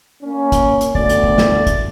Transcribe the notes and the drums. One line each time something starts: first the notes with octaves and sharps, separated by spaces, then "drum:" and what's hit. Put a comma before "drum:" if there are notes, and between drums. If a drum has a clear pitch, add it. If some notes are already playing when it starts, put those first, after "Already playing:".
A#3 C#4
drum: kick, hi-hat
drum: hi-hat
D2 A3 B3 D5, drum: kick
drum: hi-hat
drum: kick
drum: snare
drum: kick, hi-hat